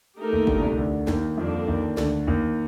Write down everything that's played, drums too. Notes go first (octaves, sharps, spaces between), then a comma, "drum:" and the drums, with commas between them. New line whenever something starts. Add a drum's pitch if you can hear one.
A3 D#4 G4 A#4
D#2 D#3
D2 D3, drum: kick G1
A#2
C2 C3
D2 D3
D#2 D#3, drum: snare
F2 D3 F3 G3 A#3 D4
D#2 D#3
D2 D3, drum: snare
D#2 D#3